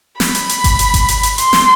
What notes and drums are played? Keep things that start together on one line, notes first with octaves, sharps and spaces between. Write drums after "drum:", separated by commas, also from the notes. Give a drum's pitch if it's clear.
B5, drum: snare
drum: hi-hat
drum: hi-hat
drum: kick G#1, hi-hat
drum: hi-hat
drum: kick G#1, hi-hat
drum: hi-hat
drum: hi-hat
C6, drum: hi-hat
drum: snare